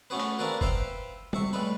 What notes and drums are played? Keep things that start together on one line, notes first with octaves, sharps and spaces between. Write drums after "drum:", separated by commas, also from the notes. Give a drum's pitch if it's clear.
A3 B3 C#4 F#4 G#4 B4
drum: hi-hat
A#3 C4 D4 G#4 A#4 B4
B4 C5 E5 F5 G5, drum: kick
C3 E5 C#6, drum: tom
A2 G3 G#3 B4 B5